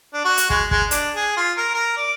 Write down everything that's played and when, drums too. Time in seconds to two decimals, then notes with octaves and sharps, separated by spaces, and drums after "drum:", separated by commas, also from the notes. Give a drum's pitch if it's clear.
0.13 D4
0.25 F#4
0.37 drum: hi-hat
0.50 G#3, drum: kick
0.71 G#3, drum: kick
0.91 D4, drum: hi-hat
1.16 G#4
1.37 F4
1.57 A#4
1.75 A#4
1.97 D5